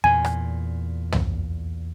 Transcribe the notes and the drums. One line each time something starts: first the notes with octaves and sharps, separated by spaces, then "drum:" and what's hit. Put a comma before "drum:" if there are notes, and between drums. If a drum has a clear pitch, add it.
E2 A#2 G#5
drum: rim click
drum: tom